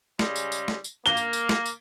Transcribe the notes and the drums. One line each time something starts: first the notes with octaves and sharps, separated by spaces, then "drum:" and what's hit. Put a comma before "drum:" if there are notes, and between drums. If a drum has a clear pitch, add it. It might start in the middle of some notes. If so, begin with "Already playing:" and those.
C#3 G3 G#3, drum: snare
drum: tambourine
drum: tambourine
drum: snare
drum: tambourine
A#3 G7
drum: tambourine
drum: tambourine
drum: snare
drum: tambourine